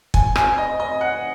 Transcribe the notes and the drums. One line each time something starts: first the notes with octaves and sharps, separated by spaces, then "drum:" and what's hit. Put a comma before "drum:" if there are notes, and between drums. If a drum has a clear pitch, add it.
G#5, drum: kick
G#5, drum: rim click
D#5
D#5
F#5